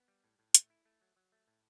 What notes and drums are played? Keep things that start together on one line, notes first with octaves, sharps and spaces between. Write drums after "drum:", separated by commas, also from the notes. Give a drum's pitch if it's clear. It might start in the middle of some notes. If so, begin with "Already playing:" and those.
Already playing: B3
G3
A2
A2
A3, drum: hi-hat
E4
A3
F#3
F#3
A3
A2